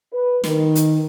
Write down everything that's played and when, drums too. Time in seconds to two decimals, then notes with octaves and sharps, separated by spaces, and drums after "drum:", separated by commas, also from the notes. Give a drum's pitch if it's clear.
0.12 B4
0.44 D#3, drum: snare
0.75 drum: hi-hat